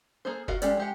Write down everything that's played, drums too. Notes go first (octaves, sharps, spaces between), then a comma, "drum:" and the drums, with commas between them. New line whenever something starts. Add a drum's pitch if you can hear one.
A#3 G#4 A4 C5
F4 F#4 A#4 D#5 F5, drum: kick F#1
G#3 C#4 G4 A4 D5, drum: hi-hat
G#3 G4 F#5